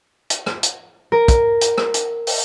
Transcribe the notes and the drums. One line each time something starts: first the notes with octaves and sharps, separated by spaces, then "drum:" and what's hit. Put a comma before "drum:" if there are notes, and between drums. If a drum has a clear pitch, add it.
drum: hi-hat
drum: rim click
drum: hi-hat
A#4
drum: kick, hi-hat
drum: hi-hat
drum: rim click
drum: hi-hat
drum: open hi-hat